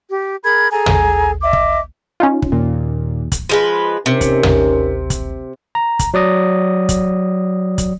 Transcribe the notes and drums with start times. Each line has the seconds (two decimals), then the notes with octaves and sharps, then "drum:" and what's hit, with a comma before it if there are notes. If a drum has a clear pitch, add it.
0.11 G4
0.44 G#4 A#4 B5 G#6
0.71 G#4 A4 G#5 A#5
0.86 drum: tom
1.42 D#5 E5 D6
1.53 drum: kick
2.20 C#4 D#4 F4
2.42 drum: kick
2.52 D#2 A#2
3.32 drum: kick, hi-hat
3.49 F3 G#3 B4
4.06 C3 C#4 D#4 A#4
4.21 drum: kick, hi-hat
4.43 drum: tom
5.10 drum: kick, hi-hat
5.75 A#5
5.99 drum: kick, hi-hat
6.14 F#3 D5 D#6 A#6
6.89 drum: kick, hi-hat
7.78 drum: kick, hi-hat